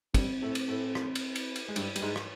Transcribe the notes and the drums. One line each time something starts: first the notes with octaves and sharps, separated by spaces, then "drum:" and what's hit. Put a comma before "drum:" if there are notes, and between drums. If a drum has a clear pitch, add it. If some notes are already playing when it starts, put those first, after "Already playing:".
G2 G3 C4, drum: kick, cymbal
A2 A3
drum: cymbal
A2 A3
drum: rim click
drum: cymbal
drum: cymbal
drum: cymbal
G#3
G2 G3, drum: cymbal
G3, drum: cymbal
G#2 G#3
drum: rim click